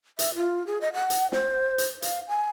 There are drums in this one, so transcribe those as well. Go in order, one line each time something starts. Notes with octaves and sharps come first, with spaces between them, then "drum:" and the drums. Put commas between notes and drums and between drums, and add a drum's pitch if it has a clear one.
E5, drum: hi-hat
F4
G#4
D#5
F#5
drum: hi-hat
C5, drum: snare
drum: hi-hat
F5, drum: hi-hat
G#5